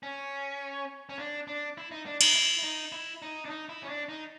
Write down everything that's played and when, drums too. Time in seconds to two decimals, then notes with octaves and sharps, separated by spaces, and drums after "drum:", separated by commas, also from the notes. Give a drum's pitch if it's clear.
0.03 C#4
1.09 C#4
1.19 D4
1.48 D4
1.78 E4
1.91 D#4
2.06 D4
2.21 D#4, drum: cymbal
2.35 E4
2.63 D#4
2.92 E4
3.22 D#4
3.45 D4
3.50 D#4
3.69 E4
3.83 C#4
3.89 D4
4.09 D#4